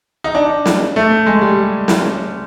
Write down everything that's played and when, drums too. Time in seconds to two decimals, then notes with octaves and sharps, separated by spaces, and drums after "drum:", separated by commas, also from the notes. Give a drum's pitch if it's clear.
0.24 D#4
0.35 D4
0.66 drum: snare
0.96 A3
1.26 G#3
1.41 G3
1.88 drum: snare